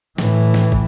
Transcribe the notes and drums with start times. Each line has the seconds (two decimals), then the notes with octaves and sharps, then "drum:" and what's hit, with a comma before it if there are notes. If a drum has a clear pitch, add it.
0.18 A2 E3, drum: snare
0.54 drum: snare
0.72 drum: kick